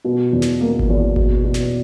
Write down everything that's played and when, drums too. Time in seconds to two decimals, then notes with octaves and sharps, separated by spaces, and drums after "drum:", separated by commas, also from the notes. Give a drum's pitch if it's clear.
0.05 B2
0.33 E2
0.42 drum: snare
0.61 A#3
0.79 drum: kick G#1
0.89 E2
1.16 B2, drum: kick G#1
1.44 B2
1.54 drum: snare